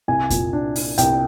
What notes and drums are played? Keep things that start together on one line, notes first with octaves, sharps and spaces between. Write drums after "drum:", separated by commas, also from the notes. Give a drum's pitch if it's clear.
C2 G#5
A#2, drum: kick F2, hi-hat
D4
D4, drum: open hi-hat
C2 G5, drum: hi-hat